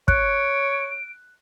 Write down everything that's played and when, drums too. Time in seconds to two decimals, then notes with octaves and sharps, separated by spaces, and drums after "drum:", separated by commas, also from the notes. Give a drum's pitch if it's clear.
0.08 C#5 F#6 D7, drum: kick